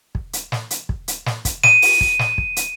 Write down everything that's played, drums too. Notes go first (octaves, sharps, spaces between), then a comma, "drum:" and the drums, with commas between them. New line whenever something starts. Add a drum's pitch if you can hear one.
drum: kick
drum: hi-hat
drum: snare
drum: hi-hat
drum: kick
drum: hi-hat
drum: snare
drum: kick, hi-hat
D#7, drum: snare
drum: open hi-hat
drum: kick
drum: snare
drum: kick
drum: hi-hat